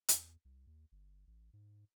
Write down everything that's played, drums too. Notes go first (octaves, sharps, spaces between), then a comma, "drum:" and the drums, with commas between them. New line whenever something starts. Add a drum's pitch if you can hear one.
E2, drum: hi-hat
C2
D#2
G1
A1
G#2